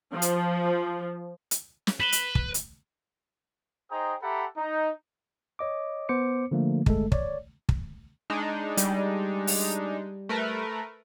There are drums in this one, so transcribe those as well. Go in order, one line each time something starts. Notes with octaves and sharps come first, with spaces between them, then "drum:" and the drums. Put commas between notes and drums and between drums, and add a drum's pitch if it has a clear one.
F3
drum: hi-hat
drum: hi-hat
drum: snare
B4 B6 E7 G7
drum: hi-hat
drum: kick
drum: hi-hat
D#4 G#4 C5 G5 A#5 D#6
G4 A4 E5 F#5 A#5 B5
D#4
C#5 D#5 D6
B3 C5 D6 C#7
D3 F3 A3 A#3
G1 G#3 A3 A4, drum: kick
C#5 D5, drum: kick
drum: kick
G#3 D4 D#4
G3, drum: hi-hat
drum: open hi-hat
A3 A#4 B4